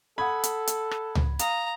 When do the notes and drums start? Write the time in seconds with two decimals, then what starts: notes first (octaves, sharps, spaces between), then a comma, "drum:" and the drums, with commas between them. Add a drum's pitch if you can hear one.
0.18 A4 F#5 B5 D#6 G#6
0.44 drum: hi-hat
0.67 drum: hi-hat
0.91 drum: rim click
1.15 drum: tom C#2
1.39 F5 A#5 D#6, drum: hi-hat